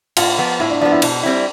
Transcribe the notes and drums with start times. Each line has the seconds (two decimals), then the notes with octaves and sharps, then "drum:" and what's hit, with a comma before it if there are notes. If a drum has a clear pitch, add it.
0.17 A2 F4, drum: cymbal
0.38 F3 B3
0.60 A2 E4
0.71 D4
0.81 F3 B3 D4
0.92 E4
1.02 B2 D4, drum: cymbal
1.23 G3 C4 E4